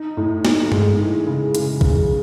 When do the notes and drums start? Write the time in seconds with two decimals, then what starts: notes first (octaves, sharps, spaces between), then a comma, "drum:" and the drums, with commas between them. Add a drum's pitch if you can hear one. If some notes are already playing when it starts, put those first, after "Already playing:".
Already playing: D#4
0.17 A2
0.45 D#4, drum: snare
0.72 G#3, drum: tom G2
0.99 E3
1.26 C#3
1.55 C#3, drum: hi-hat
1.81 C#3, drum: kick